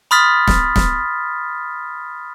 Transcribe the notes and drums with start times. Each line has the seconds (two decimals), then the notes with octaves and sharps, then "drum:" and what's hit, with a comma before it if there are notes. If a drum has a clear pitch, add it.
0.11 B5 C6 D#6 F6 A6 B6
0.47 drum: snare
0.76 drum: snare